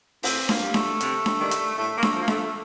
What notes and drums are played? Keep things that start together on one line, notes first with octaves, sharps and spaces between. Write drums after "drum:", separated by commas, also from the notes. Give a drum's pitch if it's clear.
A2 C4, drum: open hi-hat
A#3, drum: snare D4
G3
A3, drum: snare D4
C3, drum: hi-hat
drum: snare D4
D#3 G3
drum: hi-hat
A2 A3
A#3
A3, drum: snare D4
F3
A#3
A3, drum: snare D4